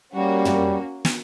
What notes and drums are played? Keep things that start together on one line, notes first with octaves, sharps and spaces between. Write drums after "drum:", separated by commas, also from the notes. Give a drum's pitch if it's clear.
G3 A#3 C#4 F#4
drum: tom
drum: snare